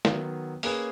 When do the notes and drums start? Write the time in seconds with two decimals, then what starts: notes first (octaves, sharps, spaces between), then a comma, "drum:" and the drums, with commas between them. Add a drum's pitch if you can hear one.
0.05 D#3 F#3 B3, drum: snare
0.63 A#3 C#4 G#4 B4, drum: open hi-hat